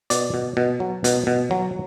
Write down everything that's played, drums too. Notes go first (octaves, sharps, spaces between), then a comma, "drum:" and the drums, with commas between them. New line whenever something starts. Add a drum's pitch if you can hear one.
B2 D5, drum: hi-hat
B2
B2
F#3
B2, drum: hi-hat
B2
F#3